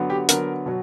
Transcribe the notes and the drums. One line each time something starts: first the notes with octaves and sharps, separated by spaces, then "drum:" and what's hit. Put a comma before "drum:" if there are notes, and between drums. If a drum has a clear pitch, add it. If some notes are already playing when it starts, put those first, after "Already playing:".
Already playing: D3 F#3 B3
G4
D3 F#3 B3 A#4, drum: hi-hat
B2 F#3